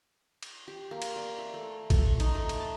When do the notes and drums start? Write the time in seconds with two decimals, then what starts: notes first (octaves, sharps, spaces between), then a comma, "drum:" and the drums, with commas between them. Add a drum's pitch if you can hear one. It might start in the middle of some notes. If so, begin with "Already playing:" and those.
0.43 drum: cymbal
0.68 G4
0.91 A#3
1.02 drum: cymbal
1.16 D5
1.38 E5
1.54 A3
1.90 A4, drum: kick, cymbal
2.06 C#6
2.20 D#4, drum: cymbal
2.35 A3
2.49 drum: cymbal
2.60 A5